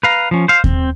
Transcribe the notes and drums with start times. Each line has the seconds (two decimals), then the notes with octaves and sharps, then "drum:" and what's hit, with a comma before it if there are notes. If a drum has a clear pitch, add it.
0.03 B4 F5 A#5
0.31 F3 C#4
0.48 C5 F5
0.64 C4, drum: kick D#2